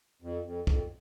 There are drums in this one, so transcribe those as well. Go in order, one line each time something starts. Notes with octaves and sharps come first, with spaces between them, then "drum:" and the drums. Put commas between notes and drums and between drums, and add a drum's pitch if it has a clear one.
F2
F2
F2, drum: kick